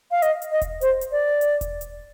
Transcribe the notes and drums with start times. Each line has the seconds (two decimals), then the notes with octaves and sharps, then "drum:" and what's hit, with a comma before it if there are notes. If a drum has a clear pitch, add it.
0.11 F5
0.22 D#5, drum: hi-hat
0.42 drum: hi-hat
0.52 D#5
0.62 drum: kick E1, hi-hat
0.81 C5, drum: hi-hat
1.01 drum: hi-hat
1.12 D5
1.41 drum: hi-hat
1.61 drum: kick E1, hi-hat
1.81 drum: hi-hat